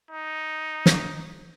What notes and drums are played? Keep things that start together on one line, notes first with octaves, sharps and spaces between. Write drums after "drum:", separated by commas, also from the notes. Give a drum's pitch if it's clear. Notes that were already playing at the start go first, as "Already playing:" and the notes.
D#4
drum: snare